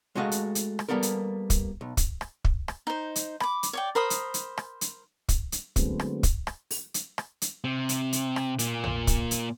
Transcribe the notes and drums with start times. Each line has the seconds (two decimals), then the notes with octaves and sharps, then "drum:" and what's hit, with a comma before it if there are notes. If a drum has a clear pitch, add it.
0.15 G#3 A3 F#4 D#5 F5
0.32 drum: hi-hat
0.55 drum: hi-hat
0.79 drum: rim click
0.88 G3 A#3 B3 A4 A#4
1.03 drum: hi-hat
1.50 drum: kick, hi-hat
1.81 B1
1.97 drum: kick, hi-hat
2.21 drum: rim click
2.45 drum: kick
2.68 drum: rim click
2.87 D#4 C5
3.16 drum: hi-hat
3.40 B5 D6, drum: rim click
3.63 drum: hi-hat
3.73 C#5 D5 G5
3.95 A#4 C5 B5 D#6
4.10 drum: hi-hat
4.34 drum: hi-hat
4.58 drum: rim click
4.81 drum: hi-hat
5.29 drum: kick, hi-hat
5.52 drum: hi-hat
5.76 D3 F#3 G#3 A3 B3 C4, drum: kick, hi-hat
6.00 drum: rim click
6.23 drum: kick, hi-hat
6.47 drum: rim click
6.71 drum: open hi-hat
6.94 drum: hi-hat
7.18 drum: rim click
7.42 drum: hi-hat
7.64 C3
7.89 drum: hi-hat
8.13 drum: hi-hat
8.36 drum: rim click
8.59 A#2 A#3, drum: hi-hat
8.84 drum: tom
9.07 drum: kick, hi-hat
9.31 drum: hi-hat